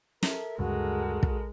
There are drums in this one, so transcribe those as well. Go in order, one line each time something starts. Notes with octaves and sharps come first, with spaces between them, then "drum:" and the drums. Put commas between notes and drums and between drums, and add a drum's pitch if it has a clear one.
A4 A#4 E5, drum: snare
D2 G2 C#3 G#3 F#4
drum: kick